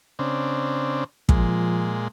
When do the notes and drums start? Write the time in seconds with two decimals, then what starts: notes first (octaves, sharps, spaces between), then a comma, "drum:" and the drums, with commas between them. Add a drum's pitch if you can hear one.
0.19 C#3 C4 D4
1.29 A#2 F3 G#3, drum: kick